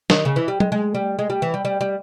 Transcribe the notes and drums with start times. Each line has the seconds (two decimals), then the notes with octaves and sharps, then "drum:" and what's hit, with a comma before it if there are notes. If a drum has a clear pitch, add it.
0.10 D#3, drum: snare
0.25 C#3
0.36 E3
0.48 G3
0.60 G#3, drum: tom F#3
0.72 G#3
0.95 G3
1.19 G#3
1.30 G3
1.42 E3
1.54 G3
1.65 G3
1.81 G3